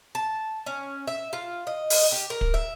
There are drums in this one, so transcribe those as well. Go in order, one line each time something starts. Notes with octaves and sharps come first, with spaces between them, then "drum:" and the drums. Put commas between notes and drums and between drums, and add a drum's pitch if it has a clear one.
A5
C#4
E5
F4
D#5
drum: open hi-hat
G4
A#4
drum: kick
E5